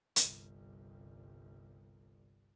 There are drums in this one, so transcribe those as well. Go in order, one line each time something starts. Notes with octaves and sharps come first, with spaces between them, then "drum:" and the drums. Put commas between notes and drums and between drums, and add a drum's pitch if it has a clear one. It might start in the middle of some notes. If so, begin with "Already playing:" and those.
G1 C2, drum: hi-hat